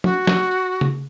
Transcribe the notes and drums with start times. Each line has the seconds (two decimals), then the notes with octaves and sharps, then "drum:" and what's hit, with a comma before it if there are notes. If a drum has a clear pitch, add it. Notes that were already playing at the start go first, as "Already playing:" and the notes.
0.04 F#4, drum: tom F3
0.27 drum: snare
0.81 drum: tom